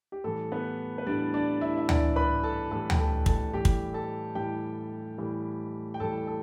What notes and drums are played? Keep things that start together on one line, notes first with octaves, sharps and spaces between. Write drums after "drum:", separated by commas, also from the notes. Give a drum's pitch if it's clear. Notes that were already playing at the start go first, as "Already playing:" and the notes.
G4
A2 E3 G3 A4
B3 B4
B4
A2 E3 G3 D4 D5
D4 D5
E4 E5
E5
A2 E3 G3 D4 D5, drum: tom D2
B4 B5
A4 A5
A2 E3 G3 A4 A5
G5, drum: tom D2
A4 A5
A4 A5, drum: kick
A2 E3 G3 G4 G5
drum: kick
A4 A5
A2 E3 G3 G4 G5
A2 E3 G3
G5
A2 E3 G3 A4 A5
A4 A5